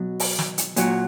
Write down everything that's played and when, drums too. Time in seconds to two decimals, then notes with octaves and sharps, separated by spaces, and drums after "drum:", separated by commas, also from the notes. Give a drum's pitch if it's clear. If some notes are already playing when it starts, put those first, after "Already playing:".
Already playing: B2 F#3
0.20 drum: open hi-hat
0.39 drum: snare
0.58 drum: hi-hat
0.76 A#2 F#3, drum: hi-hat